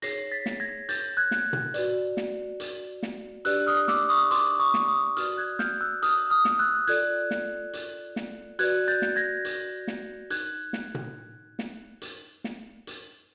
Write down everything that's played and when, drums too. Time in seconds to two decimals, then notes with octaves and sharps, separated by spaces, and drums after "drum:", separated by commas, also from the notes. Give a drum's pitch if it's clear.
0.02 D#4 G#4 C#5 A#6 C7, drum: hi-hat
0.32 A6 B6
0.46 drum: snare
0.60 G#6 A#6
0.89 G6 A6, drum: hi-hat
1.17 F#6 G#6
1.31 drum: snare
1.53 drum: tom A#2
1.74 F#4 B4 D5, drum: hi-hat
2.17 drum: snare
2.60 drum: hi-hat
3.03 drum: snare
3.45 D4 G4 B4 D5 E6 F#6, drum: hi-hat
3.67 D#6 F6
3.88 D6 E6, drum: snare
4.09 C#6 D#6
4.31 C6 D6, drum: hi-hat
4.59 C#6 D#6
4.74 drum: snare
4.88 C#6 D#6
5.17 F#4 B4 D5 D#6 F6, drum: hi-hat
5.37 F#6 G#6
5.59 F6 G6, drum: snare
5.81 E6 F#6
6.02 D#6 F6, drum: hi-hat
6.30 D#6 F6
6.45 drum: snare
6.59 E6 F#6
6.87 F4 A4 D5 F#6 G#6, drum: hi-hat
7.31 drum: snare
7.73 drum: hi-hat
8.16 drum: snare
8.59 F#4 B4 D5 F#6 G#6, drum: hi-hat
8.88 G6 A6
9.02 drum: snare
9.16 G#6 A#6
9.45 drum: hi-hat
9.88 drum: snare
10.30 D#4 F#6 G#6, drum: hi-hat
10.73 drum: snare
10.95 drum: tom A#2
11.59 drum: snare
12.02 drum: hi-hat
12.44 drum: snare
12.87 drum: hi-hat